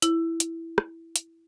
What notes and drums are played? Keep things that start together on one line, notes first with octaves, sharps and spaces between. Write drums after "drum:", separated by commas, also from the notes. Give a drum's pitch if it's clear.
E4, drum: hi-hat
drum: hi-hat
drum: rim click
drum: hi-hat